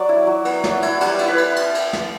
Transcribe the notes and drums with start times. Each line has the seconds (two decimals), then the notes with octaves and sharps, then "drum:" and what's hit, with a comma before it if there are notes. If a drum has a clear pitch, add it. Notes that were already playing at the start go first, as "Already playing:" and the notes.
Already playing: F#3 D5
0.09 E4
0.27 F#3
0.45 B3, drum: cymbal
0.64 F#3, drum: snare
0.82 E4, drum: cymbal
1.01 G3 F#5, drum: cymbal
1.19 E4, drum: cymbal
1.28 B4
1.38 drum: cymbal
1.56 drum: cymbal
1.75 drum: cymbal
1.93 drum: snare